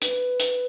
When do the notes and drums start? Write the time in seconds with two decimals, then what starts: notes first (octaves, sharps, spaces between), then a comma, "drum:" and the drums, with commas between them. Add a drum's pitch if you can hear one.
0.02 B4, drum: hi-hat
0.40 drum: hi-hat